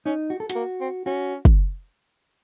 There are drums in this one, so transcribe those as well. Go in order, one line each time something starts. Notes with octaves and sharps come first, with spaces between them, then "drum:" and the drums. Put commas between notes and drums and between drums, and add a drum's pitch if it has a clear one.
C#4 D#4
F#4
A4
F#4, drum: hi-hat
A#3
C4
C#4 F#4
drum: kick